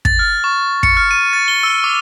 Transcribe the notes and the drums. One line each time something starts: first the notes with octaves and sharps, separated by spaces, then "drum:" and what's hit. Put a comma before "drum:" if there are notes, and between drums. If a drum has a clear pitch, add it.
A6, drum: kick
F6
C#6
C#7, drum: kick
F6
D#7
A6
G7
E6
D6